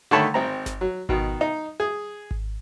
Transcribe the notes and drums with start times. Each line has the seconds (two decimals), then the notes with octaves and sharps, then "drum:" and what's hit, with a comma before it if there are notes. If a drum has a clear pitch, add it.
0.11 D3 D#3 A3 C#5 A5 B5
0.34 G#1 C4 A#5
0.66 drum: snare G1
0.81 F#3
1.09 B2 D#3, drum: kick G#1
1.41 D#4
1.80 G#4
2.31 drum: kick G#1